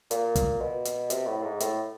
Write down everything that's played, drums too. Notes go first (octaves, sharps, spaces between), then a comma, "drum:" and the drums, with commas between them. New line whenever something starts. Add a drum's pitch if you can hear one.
A#2, drum: hi-hat
drum: kick, hi-hat
B2
drum: hi-hat
C3, drum: hi-hat
A2
G#2
A2, drum: hi-hat